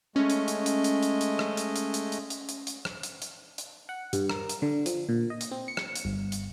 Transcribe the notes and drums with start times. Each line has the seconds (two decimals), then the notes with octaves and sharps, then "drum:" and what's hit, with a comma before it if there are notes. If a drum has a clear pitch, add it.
0.16 G#3 A3 C#4 D#5
0.30 drum: hi-hat
0.48 drum: hi-hat
0.66 drum: hi-hat
0.84 drum: hi-hat
1.03 drum: hi-hat
1.21 drum: hi-hat
1.39 drum: rim click
1.57 drum: hi-hat
1.76 drum: hi-hat
1.94 drum: hi-hat
2.12 drum: hi-hat
2.30 drum: hi-hat
2.49 drum: hi-hat
2.67 drum: hi-hat
2.85 drum: rim click
3.03 drum: hi-hat
3.22 drum: hi-hat
3.58 drum: hi-hat
3.89 F#5
4.13 G2, drum: hi-hat
4.29 A#4, drum: rim click
4.49 drum: hi-hat
4.62 D3
4.86 F3, drum: hi-hat
5.09 A#2
5.30 D#5
5.41 drum: hi-hat
5.51 C4
5.68 C#7
5.77 drum: rim click
5.96 drum: hi-hat
6.05 G1
6.32 drum: hi-hat